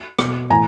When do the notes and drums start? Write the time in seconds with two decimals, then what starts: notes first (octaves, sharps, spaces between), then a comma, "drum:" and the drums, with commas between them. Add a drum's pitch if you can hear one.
0.19 B2, drum: rim click
0.50 A2 E3 G#5 A#5